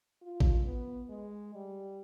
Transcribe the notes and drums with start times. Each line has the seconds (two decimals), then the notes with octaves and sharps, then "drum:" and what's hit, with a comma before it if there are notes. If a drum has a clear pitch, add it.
0.22 F4
0.40 drum: kick A1
0.65 B3
1.09 G#3
1.54 G3